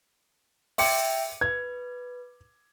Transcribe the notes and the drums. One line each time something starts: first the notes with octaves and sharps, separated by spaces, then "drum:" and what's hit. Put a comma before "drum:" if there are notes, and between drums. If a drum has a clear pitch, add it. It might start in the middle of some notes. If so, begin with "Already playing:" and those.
E5 G5 C6 D6 C#7, drum: open hi-hat
B4 G#6